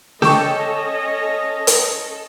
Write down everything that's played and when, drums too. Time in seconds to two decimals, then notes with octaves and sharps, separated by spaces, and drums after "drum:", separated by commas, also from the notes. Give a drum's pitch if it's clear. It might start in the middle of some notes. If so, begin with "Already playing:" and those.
0.22 C#4 A4 D#5 G5 C#6 D6, drum: snare
1.67 drum: hi-hat